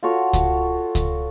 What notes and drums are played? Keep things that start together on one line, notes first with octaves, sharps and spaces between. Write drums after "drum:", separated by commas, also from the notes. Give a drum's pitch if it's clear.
F4 F#4 A4 C#5
drum: kick C#2, hi-hat
drum: kick C#2, hi-hat